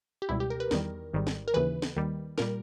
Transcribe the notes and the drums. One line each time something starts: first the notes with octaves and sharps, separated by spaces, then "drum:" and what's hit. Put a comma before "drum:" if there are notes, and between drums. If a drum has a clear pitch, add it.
G4
C#2 B2 G3 E4
G4
A#4
B4
E2 D#3 G3 A#4, drum: snare
G#1 G#2 D#3 G3
drum: snare
A#4
D#2 C#3 E3 B4
drum: snare
D#2 D#3 G3
A#2 G3 A#4, drum: snare